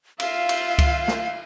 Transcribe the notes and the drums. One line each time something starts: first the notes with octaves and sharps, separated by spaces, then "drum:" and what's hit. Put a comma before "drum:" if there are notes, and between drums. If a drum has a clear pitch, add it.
F4 E5 F5, drum: cymbal
drum: cymbal
drum: kick C#2, cymbal
drum: snare